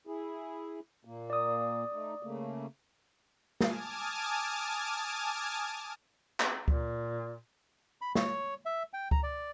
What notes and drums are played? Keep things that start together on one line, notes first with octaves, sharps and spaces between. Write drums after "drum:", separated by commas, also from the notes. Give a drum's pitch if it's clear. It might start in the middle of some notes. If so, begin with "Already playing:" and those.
E4 G#4
A#2 A#3
D5 D#6
A3 D#4
C#3 A3 A#3
G#5 A5 D6 D#6 F6 G#6, drum: snare
drum: clap
A#2, drum: kick C#2
B5
C#5, drum: snare
E5
G5
A#5, drum: kick C#2
D5